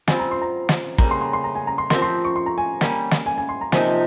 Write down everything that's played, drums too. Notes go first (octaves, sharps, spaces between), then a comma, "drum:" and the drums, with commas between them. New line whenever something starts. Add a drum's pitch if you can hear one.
G3 C4 F4 G#5, drum: snare
A#5
C6
A#5
drum: snare
C#3 G3 A#3 A#5, drum: kick
C6
C6
C6
A#5
G#5
A#5
C6
F3 C4 G4 A#4 C6, drum: snare
C6
C#6
C6
A#5
G#5
G3 A#3 C#4, drum: snare
drum: snare
G#5
G#5
C6
A#5
C3 F3 A#3 D#4 G#5, drum: snare